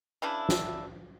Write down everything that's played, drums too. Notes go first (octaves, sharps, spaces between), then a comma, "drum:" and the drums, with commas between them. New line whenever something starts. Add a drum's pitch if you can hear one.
C#3 E3 D4 E4
drum: snare